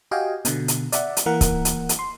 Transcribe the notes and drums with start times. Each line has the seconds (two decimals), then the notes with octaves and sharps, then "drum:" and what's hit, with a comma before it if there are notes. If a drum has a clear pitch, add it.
0.11 F#4 G4 D#5 F5 G5 G#5
0.45 B2 D3, drum: hi-hat
0.68 drum: hi-hat
0.92 D5 E5 F#5, drum: hi-hat
1.17 drum: hi-hat
1.26 E3 A#3 A#4 F#5
1.41 drum: kick C#1, hi-hat
1.65 drum: hi-hat
1.89 drum: hi-hat
1.99 C6